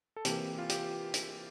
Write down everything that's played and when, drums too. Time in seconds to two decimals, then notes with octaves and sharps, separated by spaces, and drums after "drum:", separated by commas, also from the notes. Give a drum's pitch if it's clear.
0.16 A4
0.25 C3 E3 A#3 G4, drum: hi-hat
0.58 F4
0.69 G4, drum: hi-hat
1.14 drum: hi-hat